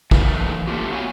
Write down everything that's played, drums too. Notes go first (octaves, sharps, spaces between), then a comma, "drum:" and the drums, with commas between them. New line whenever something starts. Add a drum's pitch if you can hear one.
E3 F#3 A3 A#3 D#4, drum: kick
A3 A#3 D4 F4 G4
B3 F#4 C#5 E5 F5 G#5